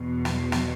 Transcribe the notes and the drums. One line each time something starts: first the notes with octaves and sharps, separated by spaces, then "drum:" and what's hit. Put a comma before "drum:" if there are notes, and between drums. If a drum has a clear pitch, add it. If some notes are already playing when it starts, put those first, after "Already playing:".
Already playing: E2 B2
drum: snare
drum: snare